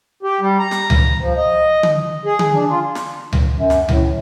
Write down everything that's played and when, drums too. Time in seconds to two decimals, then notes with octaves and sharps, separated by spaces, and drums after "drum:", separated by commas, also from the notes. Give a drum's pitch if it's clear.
0.23 G4
0.40 G3
0.59 A#5
0.71 drum: snare
0.90 drum: tom C#2
1.20 F3
1.37 D#5
1.83 drum: tom D3
2.25 G#4
2.39 drum: tom D3
2.53 D4
2.70 F4
2.95 drum: snare
3.33 drum: tom C#2
3.56 F#2
3.70 drum: snare
3.89 A2, drum: tom C#2